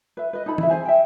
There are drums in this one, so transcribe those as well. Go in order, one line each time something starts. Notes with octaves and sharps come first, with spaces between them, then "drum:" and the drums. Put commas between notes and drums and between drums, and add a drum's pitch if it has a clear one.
B4 E5
B4 D#5
D#4 E4 A4 B5
E4 E5, drum: tom E3
G#4 C5 G#5
E5 G5